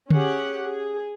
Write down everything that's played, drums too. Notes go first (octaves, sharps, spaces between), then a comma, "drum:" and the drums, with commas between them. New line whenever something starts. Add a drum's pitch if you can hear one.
C#4 G4 G#4 F#5, drum: tom D3
G#4